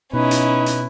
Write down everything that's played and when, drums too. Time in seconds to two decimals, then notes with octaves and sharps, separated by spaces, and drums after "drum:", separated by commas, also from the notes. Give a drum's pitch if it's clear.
0.13 B2 C#4 D#4 E4 B4
0.31 drum: hi-hat
0.66 drum: hi-hat